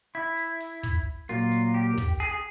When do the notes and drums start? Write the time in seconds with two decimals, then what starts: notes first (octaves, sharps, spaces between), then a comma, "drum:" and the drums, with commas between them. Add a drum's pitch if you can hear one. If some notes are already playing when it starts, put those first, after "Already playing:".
0.15 E4
0.38 drum: hi-hat
0.60 drum: open hi-hat
0.83 drum: kick, hi-hat
1.29 A#2 F#3 A#3 F4, drum: hi-hat
1.52 drum: hi-hat
1.74 G4
1.98 drum: kick, hi-hat
2.20 G#4, drum: hi-hat
2.31 G#4